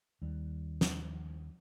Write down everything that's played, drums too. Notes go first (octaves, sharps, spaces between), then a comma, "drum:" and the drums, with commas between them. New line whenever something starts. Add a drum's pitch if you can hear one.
D#2 G3
drum: snare